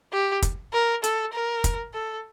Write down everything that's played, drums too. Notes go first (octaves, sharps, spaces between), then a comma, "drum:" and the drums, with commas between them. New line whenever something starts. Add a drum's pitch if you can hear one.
G4
drum: kick, hi-hat
A#4
A4, drum: hi-hat
A#4
drum: kick, hi-hat
A4